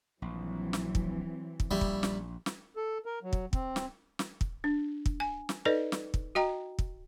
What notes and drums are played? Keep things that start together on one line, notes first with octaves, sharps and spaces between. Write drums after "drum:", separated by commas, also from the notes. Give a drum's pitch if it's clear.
A#1 E3 F#3 C4
drum: snare
drum: kick
drum: kick
A#1 G3 E4 E5
drum: kick
drum: snare
drum: snare
A4
A#4
F#3
drum: kick
C4, drum: kick
drum: snare
drum: snare
drum: kick
D4
drum: kick
G#5
drum: snare
D#4 A4 B4 D5 D#5
drum: snare
drum: kick
F#4 D#5 G5 A#5
drum: kick